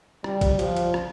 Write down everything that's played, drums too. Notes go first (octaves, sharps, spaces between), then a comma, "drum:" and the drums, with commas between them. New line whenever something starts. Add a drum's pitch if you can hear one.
G3, drum: rim click
drum: kick, cymbal
F3, drum: cymbal
drum: cymbal
drum: rim click